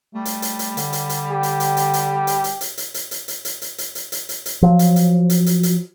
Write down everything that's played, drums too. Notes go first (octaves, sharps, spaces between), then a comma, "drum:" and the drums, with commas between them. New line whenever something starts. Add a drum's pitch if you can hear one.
G3 A3
drum: hi-hat
drum: hi-hat
drum: hi-hat
D3, drum: hi-hat
drum: hi-hat
drum: hi-hat
G4
drum: hi-hat
drum: hi-hat
drum: hi-hat
drum: hi-hat
drum: hi-hat
drum: hi-hat
drum: hi-hat
drum: hi-hat
drum: hi-hat
drum: hi-hat
drum: hi-hat
drum: hi-hat
drum: hi-hat
drum: hi-hat
drum: hi-hat
drum: hi-hat
drum: hi-hat
drum: hi-hat
F3 F#3
drum: hi-hat
drum: hi-hat
drum: hi-hat
drum: hi-hat
drum: hi-hat